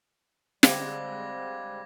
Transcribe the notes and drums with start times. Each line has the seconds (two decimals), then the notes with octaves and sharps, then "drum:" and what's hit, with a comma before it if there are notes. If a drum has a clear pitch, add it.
0.63 D3 G3 G#3 C4 F5 D6 G#6 A#6, drum: snare